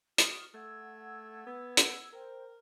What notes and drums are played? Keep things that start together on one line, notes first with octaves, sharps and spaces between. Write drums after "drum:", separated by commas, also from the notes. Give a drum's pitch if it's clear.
F#4 D#6 F6, drum: hi-hat
A3 F#5 E6 G#6
B3
drum: hi-hat
A#4 C5 G5